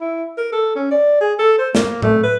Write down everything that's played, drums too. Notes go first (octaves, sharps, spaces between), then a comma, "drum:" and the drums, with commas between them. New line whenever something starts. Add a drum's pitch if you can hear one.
E4
A#4
A4
C#4
D5
G#4
A4
C5
A#3, drum: snare
A3, drum: tom A2
B4